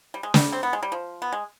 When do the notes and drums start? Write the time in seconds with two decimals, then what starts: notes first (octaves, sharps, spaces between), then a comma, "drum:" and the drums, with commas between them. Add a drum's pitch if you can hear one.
0.14 G3
0.23 G#3
0.34 G3, drum: snare
0.53 C4
0.63 B3
0.73 G#3
0.83 G3
0.92 F3
1.22 B3
1.33 G#3